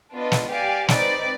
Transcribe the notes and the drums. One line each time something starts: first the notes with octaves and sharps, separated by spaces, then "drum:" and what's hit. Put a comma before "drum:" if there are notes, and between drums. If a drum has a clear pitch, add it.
B3 D4 F4 B4 D#5
drum: snare
G4 D5 F5 G#5
C4 D#4 B4 D5, drum: snare